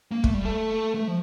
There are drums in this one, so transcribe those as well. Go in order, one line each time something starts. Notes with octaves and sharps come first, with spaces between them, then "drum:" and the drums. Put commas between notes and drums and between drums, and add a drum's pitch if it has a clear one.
A#3
A3, drum: kick
G3
A3
A3
F3